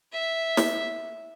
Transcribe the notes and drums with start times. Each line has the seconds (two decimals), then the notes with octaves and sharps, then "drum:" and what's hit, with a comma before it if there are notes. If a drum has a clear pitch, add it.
0.12 E5
0.57 drum: snare